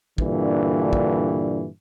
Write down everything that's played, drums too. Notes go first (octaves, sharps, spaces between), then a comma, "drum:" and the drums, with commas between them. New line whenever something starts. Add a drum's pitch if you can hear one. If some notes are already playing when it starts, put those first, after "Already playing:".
G2 A#2 D3 E3, drum: kick
drum: kick